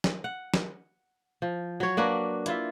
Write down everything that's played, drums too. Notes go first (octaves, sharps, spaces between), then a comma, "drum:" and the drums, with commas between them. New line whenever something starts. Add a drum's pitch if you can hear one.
drum: snare
F#5
drum: snare
F3
F#3 C#5
A#3 D4 F#4 B4
E4 F4 E5, drum: hi-hat